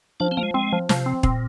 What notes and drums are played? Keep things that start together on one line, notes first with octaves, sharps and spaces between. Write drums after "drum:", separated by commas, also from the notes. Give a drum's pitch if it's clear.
F3 D4
C4
F3 A#3
G#3
G#3 C4
F3
C3 F3, drum: snare
C4
A#2 C4, drum: kick